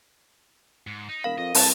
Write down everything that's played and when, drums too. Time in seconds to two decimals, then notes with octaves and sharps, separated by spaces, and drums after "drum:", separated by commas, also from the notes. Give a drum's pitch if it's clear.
0.87 G#2
1.09 D#4
1.24 E1 A#4 F5 B5
1.38 F2 D#5
1.55 C2 A5, drum: open hi-hat